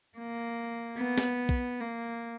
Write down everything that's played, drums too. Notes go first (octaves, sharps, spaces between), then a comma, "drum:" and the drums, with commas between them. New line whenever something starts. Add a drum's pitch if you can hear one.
A#3
B3
drum: snare
drum: kick
A#3